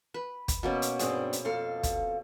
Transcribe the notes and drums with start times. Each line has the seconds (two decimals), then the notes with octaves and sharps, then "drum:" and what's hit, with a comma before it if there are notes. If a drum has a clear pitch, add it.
0.14 B4
0.48 drum: kick, hi-hat
0.63 B2 A#3 C#4
0.82 drum: hi-hat
0.99 G2 C4 D4 G#4, drum: hi-hat
1.33 drum: hi-hat
1.45 F2 A4 F5
1.83 drum: kick, hi-hat